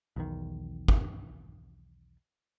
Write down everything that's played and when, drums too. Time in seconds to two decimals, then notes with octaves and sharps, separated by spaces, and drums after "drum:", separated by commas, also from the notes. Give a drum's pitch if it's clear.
0.16 B1 E2 D#3
0.88 drum: kick